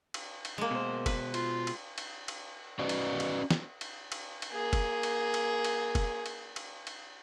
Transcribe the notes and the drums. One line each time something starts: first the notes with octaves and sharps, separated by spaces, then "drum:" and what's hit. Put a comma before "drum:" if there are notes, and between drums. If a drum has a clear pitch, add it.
drum: cymbal
drum: cymbal
G#3 A#3
B2 C5
B4, drum: kick, cymbal
F4, drum: cymbal
drum: cymbal
drum: cymbal
drum: cymbal
C#4 F#4 B4 D5 D#5
drum: cymbal
drum: cymbal
drum: snare
drum: cymbal
drum: cymbal
drum: cymbal
A#3 G#4
drum: kick, cymbal
drum: cymbal
drum: cymbal
drum: cymbal
drum: kick, cymbal
drum: cymbal
drum: cymbal
drum: cymbal